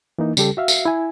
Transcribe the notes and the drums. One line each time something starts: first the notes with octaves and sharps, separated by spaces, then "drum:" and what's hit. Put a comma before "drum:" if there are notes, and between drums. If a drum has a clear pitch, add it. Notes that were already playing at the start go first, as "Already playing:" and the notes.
E3 A#3 D#4
C#3 G3 G4 A4, drum: tambourine
F#4 E5 F5
drum: tambourine
E4 G#5